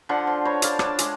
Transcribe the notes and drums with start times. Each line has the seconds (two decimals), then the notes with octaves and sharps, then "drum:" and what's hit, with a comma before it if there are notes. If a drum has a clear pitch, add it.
0.09 D3 F3 F#5 C6
0.27 F3
0.45 C5 C#5 A#5 B5
0.62 D5 F5 A5, drum: hi-hat
0.79 D4 C#5 A5, drum: rim click
0.99 G#3, drum: hi-hat